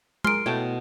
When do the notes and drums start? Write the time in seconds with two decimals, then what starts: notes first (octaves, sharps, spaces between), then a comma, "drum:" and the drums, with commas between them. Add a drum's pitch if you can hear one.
0.24 G#4 A#4 C6 F6 D7, drum: tom G#3
0.46 B2 A3 E4 C#5 G5 A5